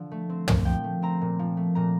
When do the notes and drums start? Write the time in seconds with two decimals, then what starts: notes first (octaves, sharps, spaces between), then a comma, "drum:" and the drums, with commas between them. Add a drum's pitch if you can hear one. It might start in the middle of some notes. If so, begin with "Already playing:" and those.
Already playing: D3 F3
0.12 A3
0.30 C4
0.48 A#2, drum: tom
0.65 F3 G5
0.84 A3
1.02 C4 A#5
1.21 A#2
1.39 F3
1.57 A3
1.75 A#2 A#5